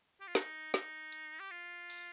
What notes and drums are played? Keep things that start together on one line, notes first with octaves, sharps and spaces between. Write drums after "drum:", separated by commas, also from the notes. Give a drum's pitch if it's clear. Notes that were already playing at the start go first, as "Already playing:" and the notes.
G4
F4
D#4, drum: snare
D#4, drum: snare
drum: hi-hat
G4
F4
drum: open hi-hat